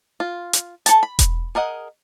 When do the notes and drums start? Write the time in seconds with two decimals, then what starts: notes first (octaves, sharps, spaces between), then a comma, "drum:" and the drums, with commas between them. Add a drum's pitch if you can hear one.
0.20 F4
0.53 drum: hi-hat
0.86 A4 G#5 A5, drum: hi-hat
1.03 B5
1.19 drum: kick E1, hi-hat
1.55 G#4 A#4 D#5 F#5